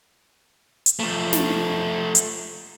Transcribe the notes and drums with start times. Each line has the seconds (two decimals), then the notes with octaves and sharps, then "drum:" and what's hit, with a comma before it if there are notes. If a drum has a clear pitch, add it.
0.86 drum: hi-hat
0.99 F3 A3
1.33 drum: snare
2.15 drum: hi-hat